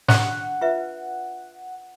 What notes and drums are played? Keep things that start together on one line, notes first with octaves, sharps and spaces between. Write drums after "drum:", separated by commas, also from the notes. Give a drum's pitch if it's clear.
D4 G4 F#5, drum: snare
F4 B4 E5